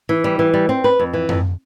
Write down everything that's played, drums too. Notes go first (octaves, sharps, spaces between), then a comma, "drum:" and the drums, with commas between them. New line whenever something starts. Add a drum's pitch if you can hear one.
E3
G3
E3
G3
C4
B4
F2
E3
F2, drum: tom F#2